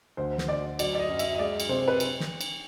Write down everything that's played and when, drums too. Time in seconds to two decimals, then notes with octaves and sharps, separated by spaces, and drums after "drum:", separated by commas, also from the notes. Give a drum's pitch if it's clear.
0.17 D2 C5
0.38 drum: snare
0.48 D2 D5
0.79 F#3 D5, drum: cymbal
0.95 D5
0.99 D#5
1.08 F#2
1.19 E5, drum: cymbal
1.35 D#5
1.39 G#3 D5
1.60 drum: cymbal
1.69 C3 C5
1.88 B4
2.00 drum: cymbal
2.20 drum: snare
2.41 drum: cymbal